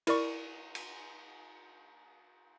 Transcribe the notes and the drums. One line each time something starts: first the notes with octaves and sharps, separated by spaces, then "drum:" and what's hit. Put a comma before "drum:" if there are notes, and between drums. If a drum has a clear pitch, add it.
E4 A#4 D5 C#6, drum: cymbal
drum: cymbal